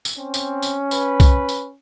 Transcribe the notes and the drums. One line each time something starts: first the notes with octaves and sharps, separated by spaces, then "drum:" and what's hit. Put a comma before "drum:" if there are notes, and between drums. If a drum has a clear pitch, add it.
drum: tambourine
C4 C#4
drum: tambourine
drum: tambourine
B4, drum: tambourine
drum: kick B1, tambourine
drum: tambourine